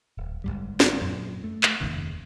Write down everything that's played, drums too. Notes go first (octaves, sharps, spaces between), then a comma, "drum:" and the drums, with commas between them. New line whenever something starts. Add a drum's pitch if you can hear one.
D1
G1 D#2 G#2 G3
drum: snare
F#2 A#2
A3
drum: clap
F1 D#2 G#2 C#3